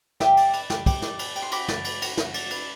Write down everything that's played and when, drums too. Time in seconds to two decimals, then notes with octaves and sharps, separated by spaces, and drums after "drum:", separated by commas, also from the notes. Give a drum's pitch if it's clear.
0.20 G4 E5 G5, drum: snare
0.37 D5, drum: cymbal
0.53 B4, drum: cymbal
0.70 G4, drum: snare
0.86 G4, drum: kick, cymbal
1.02 D5, drum: snare
1.19 B4, drum: cymbal
1.36 G4, drum: cymbal
1.42 C6
1.51 F#4 B5 D6, drum: cymbal
1.68 D5, drum: snare
1.84 B4, drum: cymbal
2.02 F#4, drum: cymbal
2.17 F#4, drum: snare
2.34 D5, drum: cymbal
2.51 B4, drum: cymbal